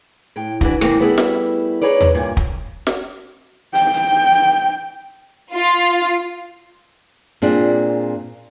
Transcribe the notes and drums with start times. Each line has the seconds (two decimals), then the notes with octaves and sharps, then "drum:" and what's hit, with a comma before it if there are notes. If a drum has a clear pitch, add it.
0.36 A2 G5
0.61 E3 D4 F#4, drum: kick
0.81 C3 E3 A#3 C4, drum: rim click
1.00 G3 A3 B3 E4 G#4
1.18 drum: snare
1.82 D#4 G#4 B4 C#5 D5
2.00 drum: tom D#2
2.15 G2 A#2 G#5
2.37 drum: kick
2.87 drum: snare
3.75 G5, drum: hi-hat
3.94 drum: hi-hat
5.53 F4
7.42 A#2 C4 D4 G#4